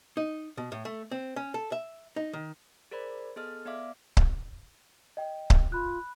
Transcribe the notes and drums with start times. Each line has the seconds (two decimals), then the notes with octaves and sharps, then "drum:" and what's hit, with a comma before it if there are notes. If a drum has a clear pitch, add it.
0.17 D#4
0.57 B2
0.72 A2
0.85 A3
1.11 C4
1.36 C#4
1.54 A4
1.72 E5
2.16 D#4
2.33 D#3
2.91 G#4 A#4 C5 D5 B5
3.36 B3 G#4 A4 D#5 F6
3.65 B3 D5 E5 F5 D6
4.17 drum: kick C#1
5.17 D#5 G5
5.50 drum: kick C#1
5.72 F4 B5 F#6